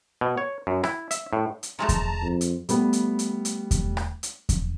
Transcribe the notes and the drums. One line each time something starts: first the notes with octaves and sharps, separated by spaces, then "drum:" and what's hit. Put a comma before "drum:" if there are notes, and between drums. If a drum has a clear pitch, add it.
B2
C#5
F#2
E4, drum: rim click
E5, drum: hi-hat
A2
drum: hi-hat
F3 G#3 A3 A5 A#5
drum: kick E2, hi-hat
F2
drum: hi-hat
G3 A3 B3, drum: hi-hat
drum: hi-hat
drum: hi-hat
drum: hi-hat
drum: kick E2, hi-hat
drum: rim click
drum: hi-hat
drum: kick E2, hi-hat